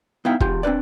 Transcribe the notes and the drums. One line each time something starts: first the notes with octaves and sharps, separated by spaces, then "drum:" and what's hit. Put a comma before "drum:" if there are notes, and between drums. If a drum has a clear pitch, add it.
B3 D#4 E4 E5 F5 G5
E2 F4 G4, drum: kick
C4 D4 B4 D5